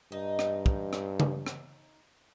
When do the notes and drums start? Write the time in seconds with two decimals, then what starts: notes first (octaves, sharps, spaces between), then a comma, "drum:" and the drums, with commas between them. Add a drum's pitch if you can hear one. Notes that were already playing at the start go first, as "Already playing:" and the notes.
0.12 G2 D#4
0.39 drum: rim click
0.66 drum: kick
0.93 drum: rim click
1.20 drum: tom C#3
1.47 drum: rim click